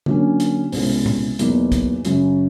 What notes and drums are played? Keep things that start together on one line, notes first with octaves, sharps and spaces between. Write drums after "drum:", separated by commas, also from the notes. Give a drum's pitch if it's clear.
D3 F#3 A#3 C#4, drum: tom
drum: hi-hat
C2 B2 G#3 C#4 E4, drum: open hi-hat
drum: tom
E2 B2 F#3 A#3 D#4, drum: hi-hat
drum: kick, hi-hat
F#2 C#3 F#3, drum: hi-hat